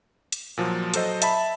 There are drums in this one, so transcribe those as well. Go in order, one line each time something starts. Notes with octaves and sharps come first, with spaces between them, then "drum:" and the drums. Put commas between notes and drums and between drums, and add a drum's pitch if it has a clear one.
drum: hi-hat
A#2 F3 F#3
F#3 A4 C5 D#5, drum: hi-hat
E5 A5 B5, drum: hi-hat